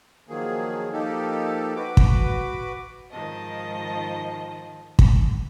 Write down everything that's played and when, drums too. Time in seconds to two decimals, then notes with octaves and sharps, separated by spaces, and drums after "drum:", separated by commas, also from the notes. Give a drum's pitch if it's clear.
0.29 D#3 F3 F#3 A#3 G#4
0.93 F3 A#3 D#4 G4 A4
1.76 F#4 B4 D6
1.97 drum: kick
3.10 G#2 D#3 F3 D#5 A5
4.99 drum: kick